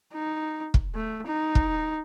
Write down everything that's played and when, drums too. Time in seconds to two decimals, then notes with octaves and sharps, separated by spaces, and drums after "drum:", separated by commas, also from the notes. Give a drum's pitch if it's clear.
0.13 D#4
0.74 drum: kick
0.95 A3
1.27 D#4
1.55 drum: kick